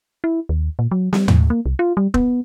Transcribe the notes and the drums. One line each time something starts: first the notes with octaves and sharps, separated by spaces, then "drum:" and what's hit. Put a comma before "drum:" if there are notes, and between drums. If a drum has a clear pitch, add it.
E4
D#2
A#2
F#3
G3, drum: snare
A2, drum: tom D#2
A#3
C2
F4
G3
B3, drum: kick E1